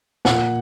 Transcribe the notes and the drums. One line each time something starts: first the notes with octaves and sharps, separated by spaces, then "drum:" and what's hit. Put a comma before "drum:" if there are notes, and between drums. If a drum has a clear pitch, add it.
A#2 F#5, drum: snare